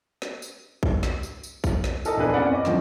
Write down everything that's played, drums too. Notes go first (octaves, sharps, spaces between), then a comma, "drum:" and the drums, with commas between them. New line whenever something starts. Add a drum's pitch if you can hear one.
drum: snare
drum: tambourine
drum: kick
drum: snare
drum: tambourine
drum: tambourine
drum: kick, tambourine
drum: snare
E4 A4 A#4 D#5 D#6, drum: tambourine
A#1 E2 G2 D4 G#4 B4
C4 C#4 E4 D5 F#5 B5
F#2 D#5 C#6 D6
D#2 D3 E3 F3 G3 C4, drum: snare